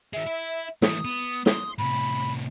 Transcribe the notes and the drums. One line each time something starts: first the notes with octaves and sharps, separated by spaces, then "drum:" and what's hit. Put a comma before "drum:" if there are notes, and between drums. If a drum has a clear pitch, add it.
D#3 G#3 E5
E4
E3 A3 D#6, drum: snare
B3
C6 D#6, drum: snare
A2 C3 B5